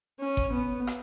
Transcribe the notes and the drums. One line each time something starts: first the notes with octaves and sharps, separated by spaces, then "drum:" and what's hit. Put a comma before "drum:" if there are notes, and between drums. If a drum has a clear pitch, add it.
C#4
drum: kick G1
B3
drum: rim click